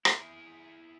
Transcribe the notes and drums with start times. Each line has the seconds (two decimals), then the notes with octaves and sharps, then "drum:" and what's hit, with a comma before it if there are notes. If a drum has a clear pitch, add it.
0.05 E4 G#4, drum: rim click